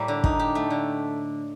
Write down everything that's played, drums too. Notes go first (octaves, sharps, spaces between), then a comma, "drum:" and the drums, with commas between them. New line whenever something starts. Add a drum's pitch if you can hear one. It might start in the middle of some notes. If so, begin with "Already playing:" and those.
Already playing: A2 G3 A#3
D3
D#4, drum: kick
G4
A3
D3